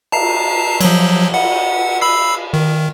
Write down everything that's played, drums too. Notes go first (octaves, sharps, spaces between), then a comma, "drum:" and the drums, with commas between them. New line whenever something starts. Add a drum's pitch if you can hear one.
A5 A#5 C7, drum: cymbal
F3 F#3, drum: cymbal
F#5, drum: cymbal
B5 E6 C7
D#3